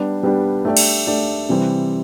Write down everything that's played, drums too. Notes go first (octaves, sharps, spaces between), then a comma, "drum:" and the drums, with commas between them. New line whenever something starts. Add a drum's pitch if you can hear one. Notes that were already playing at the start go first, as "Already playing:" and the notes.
Already playing: G3 B3 D4 G4
G3 B3 D4 G4
A3 D4 G4 D5
drum: cymbal
A3 D4 G4 D5
C3 E3 G3 C4